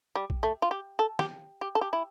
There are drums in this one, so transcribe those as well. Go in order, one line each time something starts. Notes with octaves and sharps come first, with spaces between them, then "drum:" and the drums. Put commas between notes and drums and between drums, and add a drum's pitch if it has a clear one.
G3
drum: kick B1
A3
F4
G4
A4
G4, drum: snare
G4
A4
G4
E4